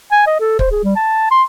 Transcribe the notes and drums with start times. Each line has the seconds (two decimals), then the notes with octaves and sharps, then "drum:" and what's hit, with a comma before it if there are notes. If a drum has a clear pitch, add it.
0.12 G#5
0.27 D#5
0.40 A4
0.59 C5, drum: kick
0.72 G#4
0.84 G3
0.96 A5
1.31 C6